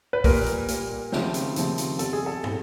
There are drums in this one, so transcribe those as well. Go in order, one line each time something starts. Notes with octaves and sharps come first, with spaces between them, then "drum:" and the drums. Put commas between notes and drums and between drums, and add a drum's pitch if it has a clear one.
B4
A#2 G3 A#3 A#4, drum: kick, open hi-hat
drum: hi-hat
A#2 G3 A#3, drum: hi-hat
D#2 C#3 F3 A3 C4, drum: snare
drum: hi-hat
D#2 C#3 F3 A3 C4, drum: hi-hat
drum: hi-hat
B2 G3 C4 A4, drum: hi-hat
G#4
A4
B2 G3 C4, drum: tom